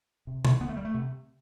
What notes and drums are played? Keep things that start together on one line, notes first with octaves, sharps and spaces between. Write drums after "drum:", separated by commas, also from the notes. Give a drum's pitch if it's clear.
C3
drum: tom B2
D2 B3
A3
G3
A3
C3